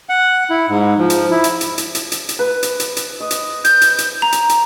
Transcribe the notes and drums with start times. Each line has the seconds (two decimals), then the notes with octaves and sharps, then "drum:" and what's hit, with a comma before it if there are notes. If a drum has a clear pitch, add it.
0.09 F#5
0.50 E4
0.69 G#2
0.98 F3
1.10 drum: hi-hat
1.31 E4
1.44 drum: hi-hat
1.61 drum: hi-hat
1.78 drum: hi-hat
1.95 drum: hi-hat
2.12 drum: hi-hat
2.29 drum: hi-hat
2.39 B4
2.63 drum: hi-hat
2.80 drum: hi-hat
2.97 drum: hi-hat
3.20 D#5
3.31 drum: hi-hat
3.64 G6, drum: hi-hat
3.81 drum: hi-hat
3.98 drum: hi-hat
4.22 A#5
4.32 drum: hi-hat
4.49 drum: hi-hat